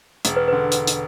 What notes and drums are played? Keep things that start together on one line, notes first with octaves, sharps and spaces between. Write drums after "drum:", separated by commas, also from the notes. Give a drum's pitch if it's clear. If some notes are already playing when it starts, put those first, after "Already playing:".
E1, drum: hi-hat
B4
B4
D3
drum: hi-hat
drum: hi-hat